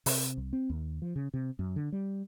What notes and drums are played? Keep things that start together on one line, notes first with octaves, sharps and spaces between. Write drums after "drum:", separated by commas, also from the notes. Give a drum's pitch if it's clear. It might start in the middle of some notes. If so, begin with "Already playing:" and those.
C3, drum: open hi-hat
C2
C4
D#2
F3
C#3
C3
F#2
D3
G3